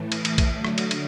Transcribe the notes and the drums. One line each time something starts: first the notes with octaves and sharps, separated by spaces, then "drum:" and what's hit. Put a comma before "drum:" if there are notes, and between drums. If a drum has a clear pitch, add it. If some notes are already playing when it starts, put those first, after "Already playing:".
Already playing: A2 E3 A3
drum: cymbal
drum: cymbal
drum: kick A#1, cymbal
D3 F#3 A3
drum: rim click
drum: cymbal
drum: cymbal